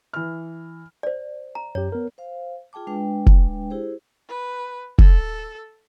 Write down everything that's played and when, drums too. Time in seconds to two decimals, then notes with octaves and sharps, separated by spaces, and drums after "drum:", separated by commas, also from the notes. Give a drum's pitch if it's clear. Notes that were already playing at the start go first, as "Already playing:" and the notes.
0.13 E3 F6
1.03 C5 D5
1.55 A#5
1.75 F#2 G4 C#5
1.92 B3 A#4
2.18 C5 F5
2.73 F4 G#4 G5 A5 D6
2.87 G#3 D4 B4 G5
3.26 drum: kick
3.70 E4 G4 G#4 C5
4.28 B4
4.98 A4, drum: kick